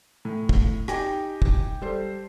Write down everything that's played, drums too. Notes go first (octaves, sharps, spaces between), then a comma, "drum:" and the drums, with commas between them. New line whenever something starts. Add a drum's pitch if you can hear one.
A2
drum: kick
D#4 G4 G5 G#5 A#6, drum: rim click
drum: kick
G3 A4 C5